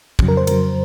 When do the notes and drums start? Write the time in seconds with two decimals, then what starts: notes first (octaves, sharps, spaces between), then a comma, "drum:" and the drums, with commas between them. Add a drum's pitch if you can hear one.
0.19 F2 C#3 F#3, drum: kick
0.28 A#4
0.37 C5
0.47 F2 C#3 F#3 A#4, drum: cymbal